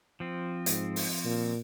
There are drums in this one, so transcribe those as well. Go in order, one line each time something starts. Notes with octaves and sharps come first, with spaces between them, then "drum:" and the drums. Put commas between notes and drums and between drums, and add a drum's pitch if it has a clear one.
F3 C4
G#2, drum: hi-hat
drum: open hi-hat
A#2